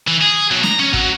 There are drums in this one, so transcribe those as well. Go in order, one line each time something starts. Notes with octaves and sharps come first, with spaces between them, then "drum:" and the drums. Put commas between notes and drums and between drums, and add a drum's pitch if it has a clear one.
E3
G#4
B2 F#3
A#5, drum: snare
C#4
F#3, drum: kick